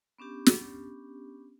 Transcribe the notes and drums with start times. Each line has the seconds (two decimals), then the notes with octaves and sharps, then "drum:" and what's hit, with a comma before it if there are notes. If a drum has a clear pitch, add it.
0.18 B3 C#4 D4 G4
0.46 drum: snare